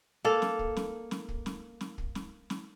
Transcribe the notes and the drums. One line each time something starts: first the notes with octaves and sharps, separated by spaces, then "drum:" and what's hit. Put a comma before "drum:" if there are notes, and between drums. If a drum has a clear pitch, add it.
A#3 A4
drum: snare
drum: kick
drum: snare
drum: snare
drum: kick
drum: snare
drum: snare
drum: kick
drum: snare
drum: snare